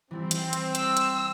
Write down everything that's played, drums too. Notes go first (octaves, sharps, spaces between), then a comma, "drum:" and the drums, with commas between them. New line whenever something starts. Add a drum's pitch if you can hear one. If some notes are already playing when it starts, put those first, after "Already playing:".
E3 G3 C4 E4
drum: hi-hat
drum: hi-hat
E6, drum: hi-hat
drum: hi-hat